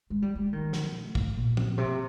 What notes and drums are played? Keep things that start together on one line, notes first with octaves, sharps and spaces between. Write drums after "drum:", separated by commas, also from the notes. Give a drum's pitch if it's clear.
G#3
G3
G#3
D#3
drum: snare
A2
drum: kick
A#2
drum: tom
C3